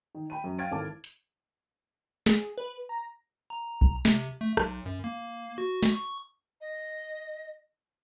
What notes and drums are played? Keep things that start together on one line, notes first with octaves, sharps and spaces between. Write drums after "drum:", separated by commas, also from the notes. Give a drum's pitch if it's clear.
D#3
G5 B5 D#7
F#2
F5 G5 F6 G#6 A6 D7
G#1 E3 A4 A5 D6
drum: hi-hat
G#4, drum: snare
B4
A#5
A#5
drum: kick B1
C3, drum: snare
A3
B1, drum: rim click
F#2
A#3
F#4
drum: snare
C#6
D#5